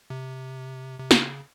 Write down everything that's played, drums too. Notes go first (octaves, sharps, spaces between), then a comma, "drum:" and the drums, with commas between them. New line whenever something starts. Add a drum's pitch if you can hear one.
C3
C3
C#3, drum: snare